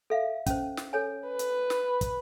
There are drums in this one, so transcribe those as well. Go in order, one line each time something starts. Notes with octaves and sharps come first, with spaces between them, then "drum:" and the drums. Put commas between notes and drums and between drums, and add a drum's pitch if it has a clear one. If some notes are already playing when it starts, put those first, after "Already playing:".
A4 E5 F5
C#4 C5, drum: kick, hi-hat
drum: snare
A4 C#5 G#5
B4
drum: hi-hat
drum: snare
drum: kick, hi-hat